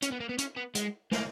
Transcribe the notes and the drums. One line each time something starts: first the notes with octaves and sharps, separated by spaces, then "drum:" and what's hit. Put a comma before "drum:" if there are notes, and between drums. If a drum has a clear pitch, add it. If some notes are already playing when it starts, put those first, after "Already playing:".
C#4, drum: hi-hat
B3
A#3
B3
C#4, drum: hi-hat
B3
G#3, drum: hi-hat
A#3, drum: snare